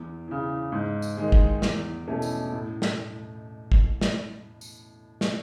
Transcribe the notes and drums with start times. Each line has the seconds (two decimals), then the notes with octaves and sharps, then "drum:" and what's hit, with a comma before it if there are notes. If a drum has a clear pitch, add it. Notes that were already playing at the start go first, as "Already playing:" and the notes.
Already playing: E2
0.28 C#3 E3
0.72 G#2
1.02 drum: tambourine
1.17 D#3 G#3
1.32 drum: kick
1.62 E2, drum: snare
2.08 B2 A3 C#4 E4
2.22 drum: tambourine
2.52 A2
2.82 drum: snare
3.72 drum: kick
4.01 drum: snare
4.61 drum: tambourine
5.21 drum: snare